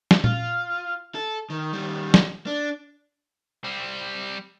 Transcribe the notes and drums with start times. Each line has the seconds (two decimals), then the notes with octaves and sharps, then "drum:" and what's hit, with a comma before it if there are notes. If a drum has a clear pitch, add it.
0.11 drum: snare
0.24 F4, drum: tom A#2
1.15 A4
1.50 D#3
1.73 D#3 G3
2.14 drum: snare
2.47 D4
3.64 G3 C4